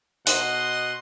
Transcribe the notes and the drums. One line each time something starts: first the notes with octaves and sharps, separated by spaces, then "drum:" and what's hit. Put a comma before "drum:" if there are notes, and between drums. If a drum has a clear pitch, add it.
B2 D#5 F#5 C6, drum: hi-hat